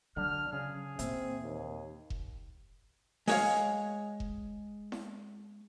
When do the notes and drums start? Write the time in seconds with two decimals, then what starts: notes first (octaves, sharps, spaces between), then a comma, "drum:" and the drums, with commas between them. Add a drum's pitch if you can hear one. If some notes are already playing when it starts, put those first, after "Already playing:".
0.16 D3 F#3 D4 F6
0.53 C#3 G#4
0.99 A#2 E3 C4 E5, drum: hi-hat
1.43 D#2
2.10 drum: kick F1
3.28 G#3 C#5 F5, drum: open hi-hat
4.20 drum: kick F1
4.92 drum: snare E4